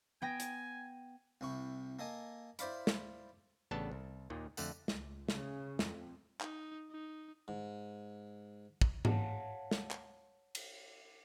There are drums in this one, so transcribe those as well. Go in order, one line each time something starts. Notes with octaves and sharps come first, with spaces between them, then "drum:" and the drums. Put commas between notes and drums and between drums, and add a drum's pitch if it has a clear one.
B3 G5 G#5 A#6
drum: hi-hat
C2 C3 E4 C#6
A#3 A4 D#5 G#5
E4 C5 D5 F5 B5, drum: hi-hat
drum: snare
A1 C#3 B3 D4 A4 A5
C2
D#2 A#2 D#3
F2 D3 A3 F#5, drum: tambourine
C#2, drum: snare
C#3, drum: snare
F2, drum: snare
D#4, drum: clap
D#4
G#2
drum: kick
C#5 F5 F#5 A5, drum: tom G#2
drum: snare
drum: clap
drum: cymbal